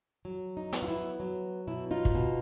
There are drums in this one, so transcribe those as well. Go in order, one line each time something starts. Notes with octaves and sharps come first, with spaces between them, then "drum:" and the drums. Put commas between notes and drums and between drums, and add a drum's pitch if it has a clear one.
F#3
D#4
B3, drum: hi-hat
F4
E4
F#3
B2 E4
D#4 F4
drum: kick
B2